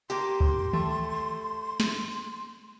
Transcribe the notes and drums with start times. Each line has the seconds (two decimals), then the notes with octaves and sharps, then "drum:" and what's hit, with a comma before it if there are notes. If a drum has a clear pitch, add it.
0.10 A#3 G4 C6, drum: tambourine
0.41 drum: kick
0.73 A3, drum: tom D#3
1.80 drum: snare